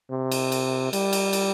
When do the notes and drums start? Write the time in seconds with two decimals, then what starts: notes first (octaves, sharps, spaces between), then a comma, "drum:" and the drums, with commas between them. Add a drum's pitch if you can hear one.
0.11 C3
0.31 drum: cymbal
0.52 drum: cymbal
0.93 G3, drum: cymbal
1.13 drum: cymbal
1.33 drum: cymbal